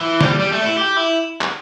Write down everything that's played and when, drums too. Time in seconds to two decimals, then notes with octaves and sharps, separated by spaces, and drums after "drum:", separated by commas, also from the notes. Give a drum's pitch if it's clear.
0.01 E3
0.21 G3, drum: snare
0.39 G3
0.52 A3
0.65 E4
0.77 G4
0.97 E4
1.41 drum: clap